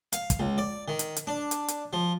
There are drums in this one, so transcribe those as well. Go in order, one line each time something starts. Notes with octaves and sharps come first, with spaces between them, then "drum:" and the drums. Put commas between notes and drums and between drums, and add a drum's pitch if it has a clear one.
F5, drum: hi-hat
drum: kick, hi-hat
C#2
D5
D#3
drum: hi-hat
drum: hi-hat
D4
drum: hi-hat
drum: hi-hat
F3